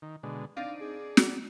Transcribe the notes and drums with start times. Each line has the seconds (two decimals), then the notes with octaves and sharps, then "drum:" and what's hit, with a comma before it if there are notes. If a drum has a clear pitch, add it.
0.02 D#3
0.23 B2 D3 G#3
0.57 C4 D4 D#4 D5 F5
0.81 G#4
1.17 drum: snare